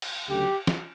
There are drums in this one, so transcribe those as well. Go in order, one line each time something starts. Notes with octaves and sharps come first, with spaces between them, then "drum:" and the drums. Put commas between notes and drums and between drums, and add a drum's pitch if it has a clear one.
drum: cymbal
D2 C#3 F#3 A3 G4
drum: snare